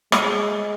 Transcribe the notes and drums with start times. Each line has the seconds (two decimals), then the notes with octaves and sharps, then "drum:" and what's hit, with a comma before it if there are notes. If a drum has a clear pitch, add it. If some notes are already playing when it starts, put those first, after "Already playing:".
0.12 G#3, drum: rim click